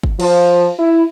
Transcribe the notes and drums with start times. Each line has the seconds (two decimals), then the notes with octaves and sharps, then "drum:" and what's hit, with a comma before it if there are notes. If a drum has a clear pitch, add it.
0.03 drum: kick
0.20 F3, drum: cymbal
0.79 E4